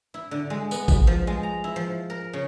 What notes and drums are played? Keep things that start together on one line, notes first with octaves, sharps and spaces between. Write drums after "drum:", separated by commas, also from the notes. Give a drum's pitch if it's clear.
E4
D3
G#3
B3, drum: tambourine
B5, drum: kick A1, tambourine
F3
G#3
A#5
E4
F3
A#4
C#3